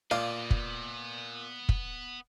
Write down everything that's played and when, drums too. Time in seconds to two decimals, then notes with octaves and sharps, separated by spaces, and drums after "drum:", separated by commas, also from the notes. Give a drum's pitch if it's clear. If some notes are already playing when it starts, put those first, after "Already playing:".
0.11 A#2 B3 D5 D#5 F5
0.51 drum: kick
1.69 drum: kick